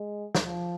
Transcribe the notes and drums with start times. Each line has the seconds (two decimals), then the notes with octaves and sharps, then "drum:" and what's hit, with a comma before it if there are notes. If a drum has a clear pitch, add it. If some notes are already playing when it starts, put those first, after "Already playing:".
Already playing: G#3
0.35 drum: snare
0.44 F3